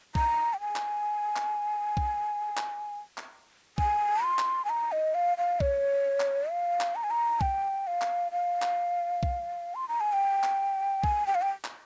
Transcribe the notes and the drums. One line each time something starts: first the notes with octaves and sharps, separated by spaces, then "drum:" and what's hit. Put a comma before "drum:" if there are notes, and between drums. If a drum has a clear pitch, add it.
A#5, drum: kick B1
G5
G#5
drum: clap
drum: clap
drum: kick B1
drum: clap
drum: clap
G#5, drum: kick B1
C6
drum: clap
G#5
A#5
D#5
F5
F5
C#5, drum: kick B1
drum: clap
F5
drum: clap
A#5
G#5
A#5
G5, drum: kick B1
F5
drum: clap
F5
drum: clap
drum: kick B1
C6
A#5
G#5
G5
drum: clap
G#5, drum: kick B1
G5
F5
G5
drum: clap